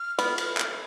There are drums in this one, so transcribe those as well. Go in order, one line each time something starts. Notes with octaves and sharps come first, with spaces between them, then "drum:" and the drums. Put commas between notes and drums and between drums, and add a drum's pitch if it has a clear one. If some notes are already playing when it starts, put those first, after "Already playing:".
Already playing: F6
B3, drum: cymbal
drum: cymbal
drum: clap